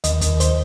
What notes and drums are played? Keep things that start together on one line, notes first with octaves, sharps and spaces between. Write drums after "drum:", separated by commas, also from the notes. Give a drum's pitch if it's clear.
D#2 D#5, drum: hi-hat
D#2, drum: hi-hat
C5, drum: hi-hat